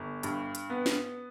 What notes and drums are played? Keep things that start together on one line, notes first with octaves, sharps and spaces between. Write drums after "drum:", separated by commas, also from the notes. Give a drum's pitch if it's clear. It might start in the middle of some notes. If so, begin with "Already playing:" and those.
Already playing: G1
G2, drum: hi-hat
drum: hi-hat
B3
drum: snare